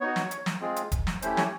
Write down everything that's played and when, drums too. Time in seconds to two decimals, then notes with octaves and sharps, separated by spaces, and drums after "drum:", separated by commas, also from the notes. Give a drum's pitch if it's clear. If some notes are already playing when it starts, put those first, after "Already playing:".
0.01 B3 D#4 F#4 C#5
0.16 drum: snare
0.31 drum: hi-hat
0.46 drum: snare
0.61 G#3 C4 F4 G#4
0.76 drum: hi-hat
0.92 drum: kick E1, hi-hat
1.07 drum: snare
1.22 A3 C#4 E4 G4 C5, drum: hi-hat
1.37 C#5, drum: snare